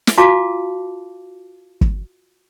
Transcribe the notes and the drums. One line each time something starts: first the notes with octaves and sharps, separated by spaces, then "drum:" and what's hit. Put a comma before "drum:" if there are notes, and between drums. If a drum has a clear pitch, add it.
drum: snare
F4 F#4 F5 A5 D6
drum: kick